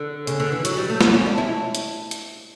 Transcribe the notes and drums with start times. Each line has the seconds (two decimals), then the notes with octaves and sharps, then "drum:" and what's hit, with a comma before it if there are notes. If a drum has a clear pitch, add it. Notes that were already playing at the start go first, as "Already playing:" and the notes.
Already playing: D3
0.27 C#3, drum: hi-hat
0.40 D3
0.52 E3
0.65 F#3, drum: hi-hat
0.77 G3
0.90 A3
1.01 B3, drum: snare
1.14 C#4
1.26 D4
1.38 E4
1.75 drum: hi-hat
2.11 drum: hi-hat